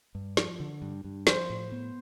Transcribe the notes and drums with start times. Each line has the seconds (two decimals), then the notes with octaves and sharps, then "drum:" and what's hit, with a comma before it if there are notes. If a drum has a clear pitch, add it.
0.15 G2
0.37 F3, drum: snare
0.60 D3
0.82 G2
1.04 G2
1.27 F3 C5, drum: snare
1.50 A2
1.72 B3